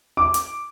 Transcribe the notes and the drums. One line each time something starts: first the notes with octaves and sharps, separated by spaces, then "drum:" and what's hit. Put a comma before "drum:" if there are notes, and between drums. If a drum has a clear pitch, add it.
D6
drum: hi-hat